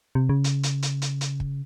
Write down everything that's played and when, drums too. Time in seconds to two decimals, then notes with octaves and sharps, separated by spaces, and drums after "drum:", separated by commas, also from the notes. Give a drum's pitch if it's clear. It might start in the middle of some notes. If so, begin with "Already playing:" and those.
0.15 C3
0.29 C#3
0.44 drum: hi-hat
0.63 drum: hi-hat
0.82 drum: hi-hat
1.02 drum: hi-hat
1.21 drum: hi-hat
1.40 drum: kick